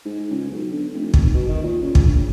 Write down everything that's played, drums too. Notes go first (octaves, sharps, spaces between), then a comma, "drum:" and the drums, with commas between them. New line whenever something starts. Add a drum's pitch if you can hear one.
G#2
C#2
B1
D3
F1
G#1, drum: kick
B2
D#3
A#2
C#3
drum: kick
A#1